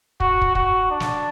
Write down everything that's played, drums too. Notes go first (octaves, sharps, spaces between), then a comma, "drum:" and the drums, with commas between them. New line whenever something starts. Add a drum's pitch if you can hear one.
F#4, drum: kick
drum: kick
F#4, drum: kick
D4
drum: snare